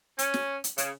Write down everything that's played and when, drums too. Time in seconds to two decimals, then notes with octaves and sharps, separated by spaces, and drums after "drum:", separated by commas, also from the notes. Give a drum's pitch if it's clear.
0.19 C#4, drum: hi-hat
0.34 drum: snare
0.64 drum: hi-hat
0.78 C#3, drum: hi-hat